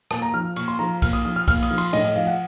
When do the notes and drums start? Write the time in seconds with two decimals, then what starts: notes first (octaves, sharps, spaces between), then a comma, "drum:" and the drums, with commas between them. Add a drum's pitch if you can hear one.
0.11 A#2 A5, drum: rim click
0.22 A#5
0.34 F3 F6
0.56 A#2 C#6, drum: cymbal
0.68 C6
0.79 F3 A#5
1.02 A#2 F6, drum: kick B1, cymbal
1.13 D#6
1.25 F3 D#6
1.36 F6
1.48 A#2 F6, drum: kick B1, cymbal
1.63 D#6, drum: cymbal
1.71 F3
1.78 C6, drum: cymbal
1.93 A2 D#5, drum: cymbal
2.05 D#5
2.16 F3 F5
2.27 F#5